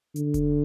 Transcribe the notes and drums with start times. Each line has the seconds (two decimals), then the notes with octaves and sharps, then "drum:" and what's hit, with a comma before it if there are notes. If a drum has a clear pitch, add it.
0.16 D3, drum: hi-hat
0.34 drum: kick F1, hi-hat